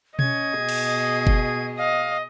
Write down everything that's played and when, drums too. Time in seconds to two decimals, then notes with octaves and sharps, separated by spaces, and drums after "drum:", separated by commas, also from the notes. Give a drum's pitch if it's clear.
0.19 C#4 D#5 G#6, drum: tom B2
0.56 B2 G#4
0.69 drum: cymbal
1.27 drum: kick F#1
1.78 D#5 F5